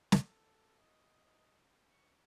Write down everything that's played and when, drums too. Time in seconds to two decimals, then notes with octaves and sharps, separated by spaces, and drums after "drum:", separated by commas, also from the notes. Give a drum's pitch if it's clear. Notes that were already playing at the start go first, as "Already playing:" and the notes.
0.12 A4, drum: snare
0.79 D#5
1.91 C#6